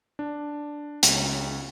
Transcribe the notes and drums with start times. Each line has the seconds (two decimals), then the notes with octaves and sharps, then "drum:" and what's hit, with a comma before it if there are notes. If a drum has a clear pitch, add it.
0.19 D4
1.03 C#2 B6, drum: hi-hat